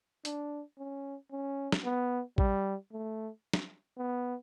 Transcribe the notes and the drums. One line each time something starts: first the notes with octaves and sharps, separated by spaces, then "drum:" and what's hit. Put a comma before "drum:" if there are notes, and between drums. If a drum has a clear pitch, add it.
D4, drum: hi-hat
C#4
C#4
drum: snare
B3
G3, drum: kick A1
A3
drum: snare
B3